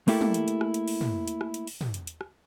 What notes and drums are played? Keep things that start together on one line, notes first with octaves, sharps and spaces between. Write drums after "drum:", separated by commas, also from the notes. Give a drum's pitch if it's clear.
A3 A#3 E4 G4 A4, drum: open hi-hat
drum: tom
drum: hi-hat
drum: hi-hat
drum: rim click
drum: hi-hat
drum: open hi-hat
drum: tom
drum: hi-hat
drum: rim click
drum: hi-hat
drum: open hi-hat
drum: tom
drum: hi-hat
drum: hi-hat
drum: rim click